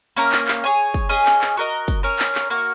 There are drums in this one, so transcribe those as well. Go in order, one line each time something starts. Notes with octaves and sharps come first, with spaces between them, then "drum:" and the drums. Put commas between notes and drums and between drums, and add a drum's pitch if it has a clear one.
A#3 C#4 A#4
drum: clap
drum: clap
G#4 C#5 G#5, drum: tambourine
drum: kick, tambourine
C#4 G#4 D#5
drum: clap
drum: clap
F#4 A#4 D#5, drum: tambourine
drum: kick, tambourine
C#4 A#4 C#5
drum: clap
drum: clap
A#3 F#4 C#5, drum: tambourine